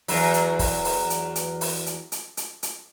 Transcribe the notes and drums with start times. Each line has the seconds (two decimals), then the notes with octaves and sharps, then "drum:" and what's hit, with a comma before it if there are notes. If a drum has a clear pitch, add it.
0.08 E2 F#3, drum: open hi-hat
0.34 drum: hi-hat
0.59 drum: kick, open hi-hat
0.85 drum: open hi-hat
1.10 drum: hi-hat
1.35 drum: hi-hat
1.61 drum: open hi-hat
1.86 drum: hi-hat
2.12 drum: hi-hat
2.37 drum: hi-hat
2.63 drum: hi-hat